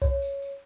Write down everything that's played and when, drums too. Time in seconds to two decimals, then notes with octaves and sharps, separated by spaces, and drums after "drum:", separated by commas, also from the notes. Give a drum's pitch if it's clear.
0.02 C#5, drum: kick B1, tambourine
0.22 drum: tambourine
0.42 drum: tambourine